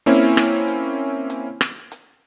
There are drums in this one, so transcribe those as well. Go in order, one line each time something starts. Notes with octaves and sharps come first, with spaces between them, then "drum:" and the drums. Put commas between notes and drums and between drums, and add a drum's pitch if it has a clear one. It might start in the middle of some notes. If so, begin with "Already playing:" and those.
A#3 C4 C#4 E4, drum: hi-hat
drum: rim click
drum: hi-hat
drum: hi-hat
drum: rim click
drum: hi-hat